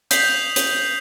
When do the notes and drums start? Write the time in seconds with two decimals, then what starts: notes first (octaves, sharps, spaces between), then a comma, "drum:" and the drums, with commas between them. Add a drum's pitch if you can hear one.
0.11 D#6 G6 B6 C7 F7 F#7, drum: hi-hat
0.56 drum: hi-hat